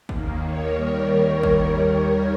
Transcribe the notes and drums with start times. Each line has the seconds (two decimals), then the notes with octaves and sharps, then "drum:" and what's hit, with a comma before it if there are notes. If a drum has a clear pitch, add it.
0.09 D#2 D#3 A#3, drum: kick G1
0.42 A#4 C#5
0.76 D#2 D#3 G3 A#4 C#5
1.43 drum: kick G1